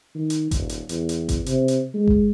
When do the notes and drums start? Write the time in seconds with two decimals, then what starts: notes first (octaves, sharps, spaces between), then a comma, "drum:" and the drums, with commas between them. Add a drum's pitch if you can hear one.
0.15 D#3
0.30 drum: hi-hat
0.51 D#1, drum: kick G1, hi-hat
0.69 drum: hi-hat
0.89 E2, drum: hi-hat
1.09 drum: hi-hat
1.29 drum: kick G1, hi-hat
1.46 C3, drum: hi-hat
1.68 drum: hi-hat
1.94 G#3
2.08 drum: kick G1